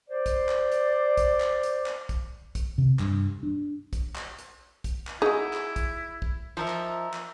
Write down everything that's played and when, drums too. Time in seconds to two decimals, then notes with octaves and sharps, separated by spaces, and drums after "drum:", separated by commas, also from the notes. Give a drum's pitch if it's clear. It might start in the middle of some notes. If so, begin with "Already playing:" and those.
0.09 C5 D5
0.26 drum: kick, hi-hat
0.49 drum: clap
0.72 drum: hi-hat
1.18 drum: kick, hi-hat
1.40 drum: clap
1.63 drum: hi-hat
1.86 drum: clap
2.09 drum: kick, hi-hat
2.55 drum: kick, hi-hat
2.78 C3
2.99 G2, drum: clap
3.43 D4
3.93 drum: kick, hi-hat
4.16 drum: clap
4.39 drum: hi-hat
4.84 drum: kick, hi-hat
5.07 drum: clap
5.22 D#4 E4 F#4 G#4
5.53 drum: clap
5.76 drum: kick, hi-hat
6.22 drum: kick
6.57 F3 D#4 A#4 E5
6.68 drum: clap
7.14 drum: clap